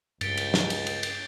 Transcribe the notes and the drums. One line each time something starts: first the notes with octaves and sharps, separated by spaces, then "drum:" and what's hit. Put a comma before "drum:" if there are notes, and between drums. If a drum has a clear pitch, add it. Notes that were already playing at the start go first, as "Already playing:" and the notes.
C#2 G2 A6 B6 C#7 D7 G7, drum: cymbal
drum: cymbal
drum: snare
drum: cymbal
drum: cymbal
drum: cymbal